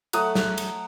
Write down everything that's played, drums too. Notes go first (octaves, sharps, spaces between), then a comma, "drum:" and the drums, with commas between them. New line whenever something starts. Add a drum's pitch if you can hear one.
F#3 A3 F#5 D#6, drum: cymbal
drum: snare
drum: cymbal